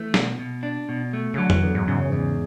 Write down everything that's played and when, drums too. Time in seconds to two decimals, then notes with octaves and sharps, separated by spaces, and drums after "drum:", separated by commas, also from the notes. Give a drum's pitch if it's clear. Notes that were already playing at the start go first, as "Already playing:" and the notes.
Already playing: E3 A3
0.14 B2, drum: snare
0.39 B2
0.63 D4
0.89 B2
1.13 A3
1.34 C#3
1.38 D3 F#3
1.50 E3, drum: tom F2
1.63 E2 D3
1.75 G#2
1.87 G#2 C#3
1.99 F#2
2.09 E2 G#2